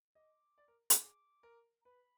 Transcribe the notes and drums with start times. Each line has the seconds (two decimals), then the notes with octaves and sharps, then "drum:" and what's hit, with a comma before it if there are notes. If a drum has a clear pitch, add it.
0.15 D#5 D6
0.58 D5
0.68 A#4
0.90 G#4, drum: hi-hat
1.00 D6
1.43 A#4
1.81 A#5
1.85 B4 B5